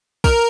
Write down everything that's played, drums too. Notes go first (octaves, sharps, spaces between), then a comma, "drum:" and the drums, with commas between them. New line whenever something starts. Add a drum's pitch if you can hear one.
A#4, drum: kick, tambourine